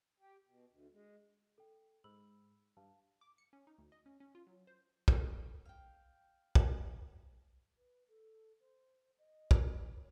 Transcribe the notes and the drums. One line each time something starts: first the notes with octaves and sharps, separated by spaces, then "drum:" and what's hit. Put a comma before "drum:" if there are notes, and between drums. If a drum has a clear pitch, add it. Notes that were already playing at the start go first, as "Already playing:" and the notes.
G4
B2
D2
G#3
A4 G5
G#2 B5 E6 F#7
G2 F5 A5
D6
C#7
C#4
D#4
D2
D#5
C#4
C#4
F4
F#3
C5
A4, drum: kick
F5 G5
drum: kick
B4
A4
C5
D#5
drum: kick
C#5